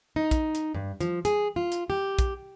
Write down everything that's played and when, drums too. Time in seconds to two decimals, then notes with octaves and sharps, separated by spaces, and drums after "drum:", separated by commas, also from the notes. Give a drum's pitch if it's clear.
0.16 D#4
0.31 drum: kick, hi-hat
0.55 drum: hi-hat
0.74 G2
1.01 F3, drum: hi-hat
1.25 G#4, drum: hi-hat
1.56 F4
1.72 drum: hi-hat
1.90 G4
2.19 drum: kick, hi-hat